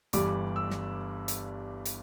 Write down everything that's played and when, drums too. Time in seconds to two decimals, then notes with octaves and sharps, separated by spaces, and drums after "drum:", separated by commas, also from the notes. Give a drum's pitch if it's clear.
0.13 G1 G2 E3 G3 D6, drum: hi-hat
0.56 E6
0.70 drum: snare
1.28 drum: hi-hat
1.85 drum: hi-hat